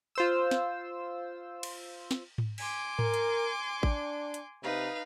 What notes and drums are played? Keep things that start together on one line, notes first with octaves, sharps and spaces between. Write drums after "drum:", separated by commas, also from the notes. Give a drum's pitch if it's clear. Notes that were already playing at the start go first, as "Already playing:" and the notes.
F4 C5 E6
drum: snare
drum: cymbal
drum: snare
drum: tom G#2
G#5 C6 D6, drum: cymbal
A#4, drum: tom G#2
drum: hi-hat
D4, drum: kick A1
drum: hi-hat
C3 D#4 B4 F5